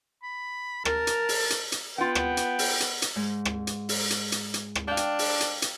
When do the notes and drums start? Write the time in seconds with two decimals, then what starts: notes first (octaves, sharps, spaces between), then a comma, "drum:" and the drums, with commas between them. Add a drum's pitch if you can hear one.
0.23 B5
0.85 A#4 A5, drum: rim click
1.07 drum: hi-hat
1.29 drum: open hi-hat
1.50 drum: hi-hat
1.72 drum: hi-hat
1.98 B3 F4 F#5 G5
2.15 drum: rim click
2.37 drum: hi-hat
2.59 drum: open hi-hat
2.80 drum: hi-hat
3.02 drum: hi-hat
3.16 G#2
3.45 drum: rim click
3.67 drum: hi-hat
3.89 drum: open hi-hat
4.10 drum: hi-hat
4.32 drum: hi-hat
4.54 drum: hi-hat
4.75 drum: rim click
4.88 D4 F5 G5
4.97 drum: hi-hat
5.19 drum: open hi-hat
5.40 drum: hi-hat
5.62 drum: hi-hat